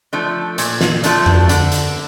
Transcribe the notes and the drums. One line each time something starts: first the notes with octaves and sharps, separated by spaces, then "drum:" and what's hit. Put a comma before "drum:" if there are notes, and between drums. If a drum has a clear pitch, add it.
F3 A3 D4
A#2, drum: hi-hat
drum: snare
F3 A3 D4, drum: hi-hat
drum: tom F2
D3, drum: hi-hat
drum: hi-hat